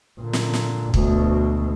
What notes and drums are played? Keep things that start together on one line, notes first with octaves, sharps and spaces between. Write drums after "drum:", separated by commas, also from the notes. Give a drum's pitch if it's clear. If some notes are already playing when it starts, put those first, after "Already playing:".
A#2 D3
drum: snare
drum: snare
D2 B2, drum: kick